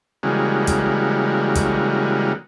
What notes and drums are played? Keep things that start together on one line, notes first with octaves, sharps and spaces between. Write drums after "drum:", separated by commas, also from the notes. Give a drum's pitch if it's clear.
C#3 E3 G3 G#3 A#3 F#4
drum: kick, hi-hat
drum: kick, hi-hat